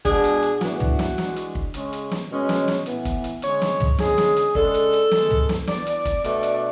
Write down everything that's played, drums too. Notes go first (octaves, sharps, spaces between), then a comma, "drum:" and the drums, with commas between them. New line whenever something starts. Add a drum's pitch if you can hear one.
B2 G#3 D4 G#4, drum: kick, hi-hat
drum: hi-hat
drum: hi-hat
A2 E3 B3 D4 F#4, drum: snare
drum: tom
drum: snare
E3 G#3 D4, drum: snare
drum: hi-hat
drum: kick
C#3 G#3 C#4, drum: hi-hat
drum: hi-hat
drum: snare
B2 G#3 C#4
drum: snare
drum: snare
A2 E3 B3, drum: hi-hat
drum: kick, hi-hat
drum: hi-hat
D3 G#3 C#4 C#5, drum: hi-hat
drum: snare
drum: tom
D3 G#3 C#4 G#4, drum: snare
drum: snare
drum: hi-hat
C#3 G#3 D4 A4, drum: kick
drum: hi-hat
drum: hi-hat
D3 G#3 B3, drum: snare
drum: tom
drum: snare
E3 B3 D4 D5, drum: snare
drum: hi-hat
drum: kick, hi-hat
B2 A3 D4, drum: hi-hat
drum: hi-hat